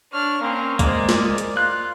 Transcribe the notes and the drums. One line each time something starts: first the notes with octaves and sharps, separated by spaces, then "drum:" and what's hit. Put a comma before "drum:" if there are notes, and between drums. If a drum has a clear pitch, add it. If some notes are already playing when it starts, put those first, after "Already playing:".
D4 C#5 F6
A#3 C4 C#4
G#3 A#3 A#4 C5 D5, drum: kick, hi-hat
drum: snare
A#4
drum: hi-hat
F4 F#6